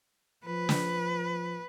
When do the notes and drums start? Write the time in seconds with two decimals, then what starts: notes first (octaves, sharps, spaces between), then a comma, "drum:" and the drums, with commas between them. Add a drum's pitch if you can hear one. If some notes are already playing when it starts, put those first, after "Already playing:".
0.46 F3 B4
0.69 drum: snare